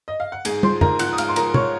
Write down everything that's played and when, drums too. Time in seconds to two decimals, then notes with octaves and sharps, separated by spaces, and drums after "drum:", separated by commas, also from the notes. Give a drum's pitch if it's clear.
0.08 D#5
0.20 F5
0.32 F#5
0.45 G#2 G#4 G#5, drum: cymbal
0.63 F3 C5 C6, drum: tom
0.81 G#2 A#4 A#5, drum: tom
0.99 F3 F#5 F#6, drum: cymbal
1.13 D#6
1.18 G#2 F5 F6, drum: cymbal
1.29 C6
1.36 F3 A#4 A#5, drum: cymbal
1.54 C#5 C#6, drum: tom